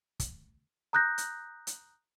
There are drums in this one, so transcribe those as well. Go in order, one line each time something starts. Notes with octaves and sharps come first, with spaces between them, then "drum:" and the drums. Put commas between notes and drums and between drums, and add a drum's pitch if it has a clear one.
drum: kick, hi-hat
A#5 D#6 F#6 G6 A#6
drum: hi-hat
drum: hi-hat